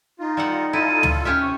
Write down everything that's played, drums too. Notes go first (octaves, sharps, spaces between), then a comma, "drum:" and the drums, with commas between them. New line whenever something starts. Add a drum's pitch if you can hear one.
D#4 F4
G3 A4 F#5
E4 F4 A4 D#7
drum: tom
C#4 G4 E5 F6
C3 C#6